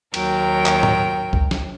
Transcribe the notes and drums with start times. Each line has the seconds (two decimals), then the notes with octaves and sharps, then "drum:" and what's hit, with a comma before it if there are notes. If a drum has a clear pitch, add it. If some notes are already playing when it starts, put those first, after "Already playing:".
0.14 D#2 F#3 A#4 G5, drum: cymbal
0.66 drum: clap
0.83 drum: tom G#2
1.33 drum: kick C2
1.51 drum: snare